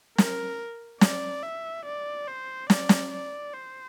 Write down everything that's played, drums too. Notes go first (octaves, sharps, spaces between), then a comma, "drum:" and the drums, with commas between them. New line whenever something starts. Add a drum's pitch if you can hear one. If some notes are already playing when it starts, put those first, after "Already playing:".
A#4, drum: snare
D5, drum: snare
E5
D5
C5
D5, drum: snare
drum: snare
D5
C5